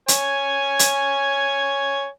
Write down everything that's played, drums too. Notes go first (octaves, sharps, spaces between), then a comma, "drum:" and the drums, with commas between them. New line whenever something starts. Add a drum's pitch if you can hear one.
C#5 G#5, drum: hi-hat
drum: hi-hat